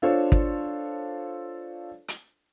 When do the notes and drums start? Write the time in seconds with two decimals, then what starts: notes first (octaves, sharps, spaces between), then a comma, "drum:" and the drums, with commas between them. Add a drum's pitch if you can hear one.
0.02 D4 F4 A4 C5 C#5
0.32 drum: kick
2.08 drum: hi-hat